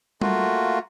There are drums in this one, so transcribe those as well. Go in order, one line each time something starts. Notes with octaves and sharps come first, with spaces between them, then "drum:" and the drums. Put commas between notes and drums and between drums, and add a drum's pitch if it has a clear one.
A3 A#3 F4 F#4, drum: tom G3